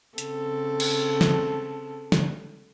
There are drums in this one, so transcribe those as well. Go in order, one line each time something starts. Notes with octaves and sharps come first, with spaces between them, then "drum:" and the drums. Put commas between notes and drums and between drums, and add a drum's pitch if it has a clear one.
C#3 C4 A4, drum: hi-hat
drum: cymbal
drum: snare
drum: snare